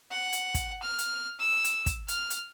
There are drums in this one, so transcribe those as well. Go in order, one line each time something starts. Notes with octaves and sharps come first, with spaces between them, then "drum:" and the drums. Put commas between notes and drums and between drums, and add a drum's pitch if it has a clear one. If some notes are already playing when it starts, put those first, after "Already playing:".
F#5
drum: hi-hat
drum: kick, hi-hat
F6
drum: hi-hat
E6
drum: hi-hat
drum: kick, hi-hat
F6, drum: hi-hat
drum: hi-hat